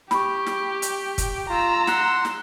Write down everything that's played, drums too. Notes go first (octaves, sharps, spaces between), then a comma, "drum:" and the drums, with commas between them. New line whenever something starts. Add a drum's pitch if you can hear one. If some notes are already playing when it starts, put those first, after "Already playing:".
G4 B5 C#6, drum: snare
drum: snare
drum: hi-hat
drum: kick, hi-hat
F4 A#5 E6
F#5 C6, drum: snare
drum: snare